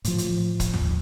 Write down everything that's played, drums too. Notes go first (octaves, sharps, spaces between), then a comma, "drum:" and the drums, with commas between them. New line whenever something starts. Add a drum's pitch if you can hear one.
A2 F3, drum: hi-hat
drum: hi-hat
drum: kick, hi-hat
drum: tom D#2